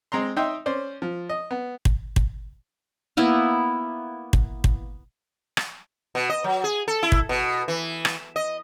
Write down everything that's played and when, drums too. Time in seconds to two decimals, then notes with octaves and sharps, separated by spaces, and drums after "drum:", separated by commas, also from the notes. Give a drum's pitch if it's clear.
0.12 G#3 C4 A#5 C6
0.36 D#4 E5 G5 C6 D#6
0.66 C#4 C5 D5
1.02 F3
1.29 D#5
1.51 B3
1.85 drum: kick
2.16 drum: kick
3.17 A#3 B3 E4
4.33 drum: kick
4.64 drum: kick
5.57 drum: rim click
6.15 B2
6.29 D#5
6.44 F#3
6.64 G#4
6.88 A4
7.03 E4
7.12 drum: kick
7.29 B2
7.68 E3
8.05 drum: rim click
8.36 D#5